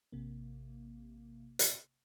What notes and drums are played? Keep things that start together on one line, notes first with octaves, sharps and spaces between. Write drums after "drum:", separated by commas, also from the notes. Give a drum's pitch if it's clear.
A1 C3 A#3
drum: hi-hat